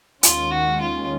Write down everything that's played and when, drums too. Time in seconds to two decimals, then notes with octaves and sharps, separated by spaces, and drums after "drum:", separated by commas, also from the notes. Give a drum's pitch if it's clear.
0.23 D#2 D#3 G#3 C#4 F4, drum: hi-hat
0.51 F#4
0.81 F4